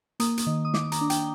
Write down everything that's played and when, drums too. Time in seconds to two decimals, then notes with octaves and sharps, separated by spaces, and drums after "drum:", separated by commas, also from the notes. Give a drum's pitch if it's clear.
0.20 A#3 D#6, drum: hi-hat
0.37 drum: hi-hat
0.47 D#3
0.65 D#6
0.74 D#3 D6, drum: snare
0.92 A#5, drum: hi-hat
1.01 D4
1.10 G5, drum: hi-hat